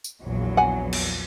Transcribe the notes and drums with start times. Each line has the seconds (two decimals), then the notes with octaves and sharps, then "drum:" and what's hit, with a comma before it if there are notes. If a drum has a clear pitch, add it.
0.04 drum: tambourine
0.23 A#1 E2 F#3
0.57 F#5 G#5
0.93 drum: cymbal